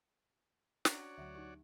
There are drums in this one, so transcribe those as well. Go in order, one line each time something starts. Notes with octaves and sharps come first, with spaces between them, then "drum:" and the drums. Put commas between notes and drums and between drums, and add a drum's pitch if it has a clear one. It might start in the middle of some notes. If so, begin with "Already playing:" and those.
C#4 D4 F#4 C#5 D5 F#5 A#5, drum: snare
D2 F#3 E5 F#5
D#4 G4